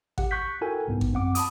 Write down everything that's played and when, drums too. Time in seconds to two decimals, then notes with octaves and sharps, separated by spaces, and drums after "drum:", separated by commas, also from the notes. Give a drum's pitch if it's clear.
0.18 G4 F#5, drum: kick G#1
0.31 C#6 F#6 G6 B6
0.61 E4 F#4 A4 A#4 G5 G#5
0.88 C2 G#2 B3
1.01 drum: kick G#1
1.13 F#2 C4 F#5 D6
1.35 A5 B5 D#6, drum: hi-hat